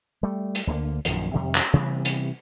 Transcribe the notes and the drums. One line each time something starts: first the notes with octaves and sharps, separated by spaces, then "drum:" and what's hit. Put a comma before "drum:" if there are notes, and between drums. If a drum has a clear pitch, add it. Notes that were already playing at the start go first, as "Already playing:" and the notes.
G3 A3
drum: hi-hat
D2 D3 F#3 A#3
A#1 F#2 D#3 F3, drum: hi-hat
F2 C3 D#3 G3
drum: clap
C3 E3 G3 B3
drum: hi-hat